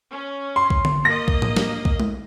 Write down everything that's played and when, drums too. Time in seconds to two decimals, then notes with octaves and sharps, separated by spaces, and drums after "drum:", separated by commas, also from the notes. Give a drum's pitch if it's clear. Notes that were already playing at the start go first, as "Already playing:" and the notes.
0.11 C#4
0.56 C6
0.70 drum: kick B1
0.85 drum: tom D3
1.05 A#3 D#5 A#6
1.28 drum: kick B1
1.42 drum: tom A2
1.57 drum: snare
1.85 drum: kick B1
2.00 drum: tom G#3